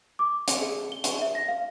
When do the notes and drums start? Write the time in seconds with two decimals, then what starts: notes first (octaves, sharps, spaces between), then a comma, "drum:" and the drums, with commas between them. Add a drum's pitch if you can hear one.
0.19 D6
0.48 drum: hi-hat
0.62 G#4
0.92 G7
1.04 drum: hi-hat
1.21 E5
1.35 A#6
1.48 F5